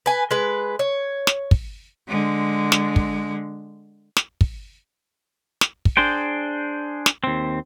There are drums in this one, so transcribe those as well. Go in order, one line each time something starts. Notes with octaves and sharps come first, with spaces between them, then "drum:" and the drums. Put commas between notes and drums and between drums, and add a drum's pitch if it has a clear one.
B4 G#5
G#3 B4
C#5
drum: snare
drum: kick
D3 G#3
drum: snare
drum: kick
drum: snare
drum: kick
drum: snare
drum: kick
D4 G#4 C5 G5
drum: snare
D#2 C4